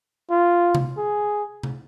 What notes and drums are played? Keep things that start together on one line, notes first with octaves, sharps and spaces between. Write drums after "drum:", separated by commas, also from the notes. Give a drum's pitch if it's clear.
F4
drum: tom C3
G#4
drum: tom C3